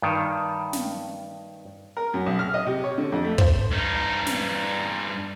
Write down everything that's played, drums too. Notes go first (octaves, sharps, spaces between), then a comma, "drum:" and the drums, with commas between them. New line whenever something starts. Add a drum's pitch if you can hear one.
G2 D#3
drum: snare
A#4
F#2
B1
F6
D#5
C3
C#5
D3
F2
A3
C5, drum: kick
G2 D#4
drum: snare